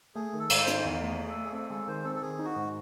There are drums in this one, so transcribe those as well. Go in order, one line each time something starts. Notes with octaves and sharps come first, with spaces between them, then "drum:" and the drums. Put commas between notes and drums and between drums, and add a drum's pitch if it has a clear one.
A3 G#4
D#3
A4
G#2, drum: cymbal
C5
D#4, drum: hi-hat
E2
A3
G#4
A3
A4
A3
G#4
C4 A4
G#3 A4
D#3 C5
C4 A4
A4
D#3 G#4
D#4
F#4
G#2